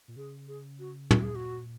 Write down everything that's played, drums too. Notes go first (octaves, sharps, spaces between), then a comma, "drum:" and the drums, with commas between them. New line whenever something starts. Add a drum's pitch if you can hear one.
A#2
C#3 G#4
G#4
F#4
A#2 F#4, drum: tom
G#4
F#4